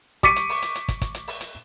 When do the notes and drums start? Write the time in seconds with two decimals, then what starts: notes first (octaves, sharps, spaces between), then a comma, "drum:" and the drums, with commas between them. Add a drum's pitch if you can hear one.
0.23 C#6 D6 B6 C#7 D#7, drum: kick, hi-hat
0.36 drum: hi-hat
0.49 drum: open hi-hat
0.62 drum: hi-hat
0.75 drum: hi-hat
0.88 drum: kick, hi-hat
1.01 drum: kick, hi-hat
1.15 drum: hi-hat
1.28 drum: open hi-hat
1.41 drum: hi-hat